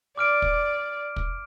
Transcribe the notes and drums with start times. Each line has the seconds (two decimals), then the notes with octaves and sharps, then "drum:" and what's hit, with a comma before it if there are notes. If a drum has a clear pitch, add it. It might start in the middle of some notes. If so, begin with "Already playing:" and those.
0.18 D5 D6 F6 D7
0.42 drum: kick
1.16 drum: kick